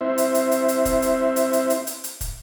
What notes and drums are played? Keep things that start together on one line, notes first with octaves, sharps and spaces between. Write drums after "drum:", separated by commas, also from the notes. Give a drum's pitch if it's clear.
C4 E4 C5 E5
drum: hi-hat
drum: hi-hat
drum: hi-hat
drum: hi-hat
drum: kick, hi-hat
drum: hi-hat
drum: hi-hat
drum: hi-hat
drum: hi-hat
drum: hi-hat
drum: hi-hat
drum: kick, hi-hat